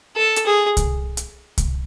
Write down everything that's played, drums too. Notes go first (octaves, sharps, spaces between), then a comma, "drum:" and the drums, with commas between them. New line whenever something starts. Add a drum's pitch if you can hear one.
A4
drum: hi-hat
G#4
drum: kick C2, hi-hat
drum: hi-hat
drum: kick C2, hi-hat